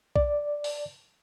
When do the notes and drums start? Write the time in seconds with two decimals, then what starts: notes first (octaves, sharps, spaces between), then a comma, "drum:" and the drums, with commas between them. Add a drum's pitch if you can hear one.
0.16 D5, drum: kick B1
0.64 drum: open hi-hat